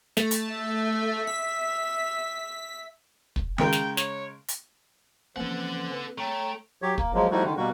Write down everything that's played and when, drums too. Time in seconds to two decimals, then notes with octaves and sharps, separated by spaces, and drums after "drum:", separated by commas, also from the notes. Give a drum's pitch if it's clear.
0.17 A3, drum: snare
0.31 drum: hi-hat
0.52 E5
1.27 B6
3.36 drum: kick
3.58 C#3 G#3 A#4 G5, drum: tom D#3
3.73 drum: snare
3.97 C#5, drum: snare
4.48 drum: hi-hat
5.36 E3 F3 A#3 C4 C#4 A4 B4 F#5
6.18 A3 C#5 G5 A#5
6.82 F#3 G4 C#5
6.98 A#3, drum: kick
7.14 F3 F#3 G#3 A#3
7.31 F3 G3 A3 D#4 E4 F#4
7.45 D3 D#3
7.57 B2 G3 A#3 F#4